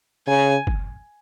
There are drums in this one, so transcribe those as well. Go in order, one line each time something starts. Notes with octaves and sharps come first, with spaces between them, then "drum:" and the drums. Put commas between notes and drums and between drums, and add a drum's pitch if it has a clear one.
C#3 G#5
drum: kick F#1